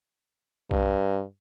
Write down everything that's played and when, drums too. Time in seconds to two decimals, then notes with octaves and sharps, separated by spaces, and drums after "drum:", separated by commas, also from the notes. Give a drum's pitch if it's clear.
0.71 G2, drum: kick B1